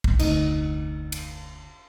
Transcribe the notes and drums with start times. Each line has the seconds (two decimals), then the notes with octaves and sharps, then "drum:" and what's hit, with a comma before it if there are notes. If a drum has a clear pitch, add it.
0.04 drum: kick A#1
0.19 F1 D2 D#4, drum: cymbal
1.12 drum: cymbal